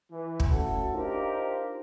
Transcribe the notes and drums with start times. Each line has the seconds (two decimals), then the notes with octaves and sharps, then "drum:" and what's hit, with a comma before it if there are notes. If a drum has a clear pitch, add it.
0.11 E3
0.40 drum: kick
0.51 A3 C#4 F#4 A4
0.93 D4 D#4 F4 G4 A#4 C5